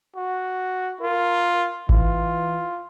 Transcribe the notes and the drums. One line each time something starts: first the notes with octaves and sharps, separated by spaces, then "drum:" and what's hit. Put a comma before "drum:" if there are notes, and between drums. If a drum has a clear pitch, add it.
F#4
F4 A#4
E3 F4, drum: kick G#1